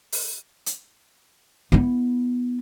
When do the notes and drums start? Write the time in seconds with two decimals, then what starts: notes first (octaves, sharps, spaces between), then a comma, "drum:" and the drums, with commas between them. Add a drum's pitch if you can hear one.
0.12 drum: open hi-hat
0.66 drum: hi-hat
1.72 B3 E4